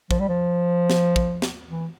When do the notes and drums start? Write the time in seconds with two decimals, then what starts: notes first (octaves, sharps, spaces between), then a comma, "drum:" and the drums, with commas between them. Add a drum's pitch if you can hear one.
0.11 F3, drum: kick
0.20 G3
0.29 F3
0.90 drum: snare
1.16 drum: kick
1.42 drum: snare
1.69 E3